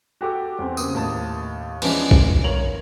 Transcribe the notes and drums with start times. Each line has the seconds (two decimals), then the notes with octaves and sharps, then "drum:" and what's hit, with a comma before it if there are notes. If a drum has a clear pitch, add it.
0.21 F#4 G4 A4 D6
0.59 E2 C4
0.77 C#3 A#3 D#6, drum: tambourine
0.95 D#2 A2 A5
1.82 E3 F3 G#3 C#4 D4, drum: cymbal
2.11 drum: kick
2.44 G1 A#4 C#5 F7 F#7